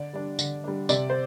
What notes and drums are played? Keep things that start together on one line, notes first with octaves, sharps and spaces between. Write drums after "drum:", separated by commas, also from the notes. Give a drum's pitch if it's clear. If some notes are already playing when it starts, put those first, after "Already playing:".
Already playing: D3 D5
G3 D4
D3, drum: tambourine
G3 D4
C3 D5, drum: tambourine
C5